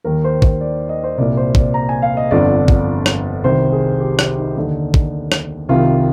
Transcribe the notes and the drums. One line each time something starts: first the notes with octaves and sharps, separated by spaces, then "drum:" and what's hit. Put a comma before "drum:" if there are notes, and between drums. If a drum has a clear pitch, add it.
D#2 D#3 A#4
C5
C5, drum: kick
D5
D#5
C5
C2 A#2 D5
C5
D5, drum: kick
A#5
G#5
F5
D#5
G1 F2 D3 D5
drum: kick
drum: rim click
C2 C3 D#3 C5
G#4
G4
drum: rim click
D#4
D#2 D3 D#4
drum: kick
drum: rim click
C2 C3 D#3 F4